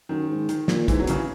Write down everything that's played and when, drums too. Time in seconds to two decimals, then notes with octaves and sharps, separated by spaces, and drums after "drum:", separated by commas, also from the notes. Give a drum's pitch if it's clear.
0.09 F#2 D#3
0.29 G#2
0.49 D#3, drum: hi-hat
0.68 A#2, drum: snare
0.88 G#2 E3, drum: kick, hi-hat
0.99 E2 F#3
1.07 F#2 C#3 E3, drum: hi-hat